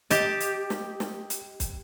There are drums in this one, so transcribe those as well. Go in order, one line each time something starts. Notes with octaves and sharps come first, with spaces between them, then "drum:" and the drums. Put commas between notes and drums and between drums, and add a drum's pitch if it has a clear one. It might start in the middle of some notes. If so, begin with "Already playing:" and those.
G4 D#5 A5, drum: hi-hat
drum: hi-hat
drum: snare
drum: snare
drum: hi-hat
drum: kick, hi-hat